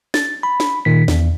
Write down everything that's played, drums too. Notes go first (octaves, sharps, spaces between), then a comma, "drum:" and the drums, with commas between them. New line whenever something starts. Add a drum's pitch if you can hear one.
A6, drum: snare
B5
drum: snare
A#2 D#3 B6
E2, drum: snare